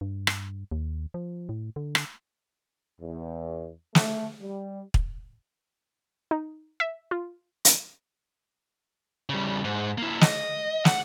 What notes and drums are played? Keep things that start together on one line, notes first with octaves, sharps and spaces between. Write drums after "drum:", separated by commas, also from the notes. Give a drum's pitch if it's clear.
G2
drum: rim click
D#2
F3
A2
D3
drum: rim click
E2
A3, drum: snare
G3
drum: kick
D#4
E5
F4
drum: hi-hat
C#3 G3
G#2
A#3 E4
D#5, drum: snare
F#5, drum: snare